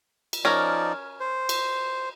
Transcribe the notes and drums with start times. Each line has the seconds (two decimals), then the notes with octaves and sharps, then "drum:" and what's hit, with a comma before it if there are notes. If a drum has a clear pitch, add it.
0.33 drum: cymbal
0.45 F3 C#4 D#4 A#4 D5
1.20 C5
1.49 drum: cymbal